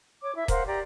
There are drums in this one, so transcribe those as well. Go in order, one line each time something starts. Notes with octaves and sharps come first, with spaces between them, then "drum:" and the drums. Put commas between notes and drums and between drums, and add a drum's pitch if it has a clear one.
C#5 D6
E4 E5
A#4 C5 F5 F#5, drum: kick D#1, hi-hat
G4 D5 G5 A#5